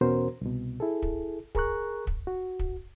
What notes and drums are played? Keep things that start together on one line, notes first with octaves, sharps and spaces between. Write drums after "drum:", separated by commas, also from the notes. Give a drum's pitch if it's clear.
E2 B2 C#4 F#4 A#4 C5
C2 B2
E4 G#4 A4
drum: kick
G#4 A#4 A#5 C#6 F#6, drum: kick
drum: kick
F#4
drum: kick